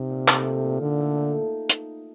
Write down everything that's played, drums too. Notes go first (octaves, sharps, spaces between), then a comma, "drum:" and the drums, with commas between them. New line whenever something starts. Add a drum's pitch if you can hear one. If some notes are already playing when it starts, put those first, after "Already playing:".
Already playing: C3 D#4
A#2
A3, drum: clap
D#4
A#2
A#2 D3
A3
D#4
drum: hi-hat